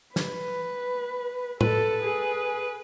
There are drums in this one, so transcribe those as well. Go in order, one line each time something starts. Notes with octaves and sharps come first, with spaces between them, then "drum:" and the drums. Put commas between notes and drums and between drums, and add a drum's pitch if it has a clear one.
B4, drum: snare
A4 B4, drum: tom
G#4